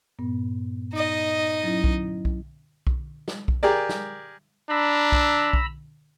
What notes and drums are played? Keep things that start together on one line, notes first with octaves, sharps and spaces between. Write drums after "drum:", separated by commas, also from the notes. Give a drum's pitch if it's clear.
G2 A#2 B3
D#4 D#5
F#3 C#4 E4
drum: kick B1
drum: kick B1
drum: kick B1
drum: snare
drum: kick B1
G4 G#4 A#4 D5
drum: snare
D4 A#5 B5 E6
drum: kick B1
drum: kick B1